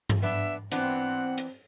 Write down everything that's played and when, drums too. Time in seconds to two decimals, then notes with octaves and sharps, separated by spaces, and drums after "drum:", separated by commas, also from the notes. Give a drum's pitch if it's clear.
0.10 drum: tom G2
0.23 B3 D4 E5
0.72 E3 B3 C4 D4 F#5, drum: hi-hat
1.38 drum: hi-hat